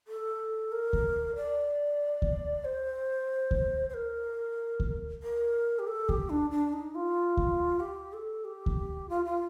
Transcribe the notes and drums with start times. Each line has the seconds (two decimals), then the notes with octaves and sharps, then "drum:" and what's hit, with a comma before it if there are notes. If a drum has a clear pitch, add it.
0.08 A4
0.72 A#4
0.93 drum: kick D2
1.36 D5
2.22 drum: kick D2
2.65 C5
3.51 drum: kick D2
3.90 C5
3.94 A#4
4.80 drum: kick D2
5.23 A#4
5.79 G4
5.87 A4
6.09 G4, drum: kick D2
6.30 D4
6.51 D4
6.73 D#4
6.95 F4
7.37 drum: kick D2
7.80 G4
8.13 A4
8.45 G4
8.66 drum: kick D2
9.09 F4
9.25 F4